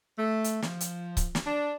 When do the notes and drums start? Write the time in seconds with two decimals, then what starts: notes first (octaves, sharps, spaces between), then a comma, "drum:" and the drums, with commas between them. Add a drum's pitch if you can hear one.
0.18 A3
0.44 drum: hi-hat
0.62 F3, drum: snare
0.81 drum: hi-hat
1.17 drum: kick C#1, hi-hat
1.35 drum: snare
1.45 D4